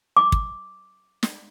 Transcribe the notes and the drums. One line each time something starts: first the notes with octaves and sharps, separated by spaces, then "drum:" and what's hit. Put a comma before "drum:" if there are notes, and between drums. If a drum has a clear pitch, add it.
D6
drum: kick
drum: snare